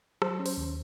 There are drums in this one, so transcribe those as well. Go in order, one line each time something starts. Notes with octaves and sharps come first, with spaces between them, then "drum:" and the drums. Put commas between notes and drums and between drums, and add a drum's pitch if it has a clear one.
F#3 C5, drum: rim click
C#4
C5, drum: open hi-hat
D#2